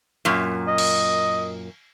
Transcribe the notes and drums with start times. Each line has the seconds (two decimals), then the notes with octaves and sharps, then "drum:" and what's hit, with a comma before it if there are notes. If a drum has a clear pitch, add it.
0.25 F#2 A#2
0.68 D#5
0.78 drum: cymbal